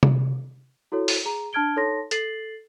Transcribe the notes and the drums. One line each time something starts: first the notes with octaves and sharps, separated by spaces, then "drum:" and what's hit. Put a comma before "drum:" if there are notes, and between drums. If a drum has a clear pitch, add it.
drum: tom C3
E4 F#4 A4 C#5
drum: open hi-hat
G#4 A#5
D4 A5 F6 G#6 D7 G7
D#4 A4 C#5 A5 C6 A#6
A4 A6 C7 F#7, drum: hi-hat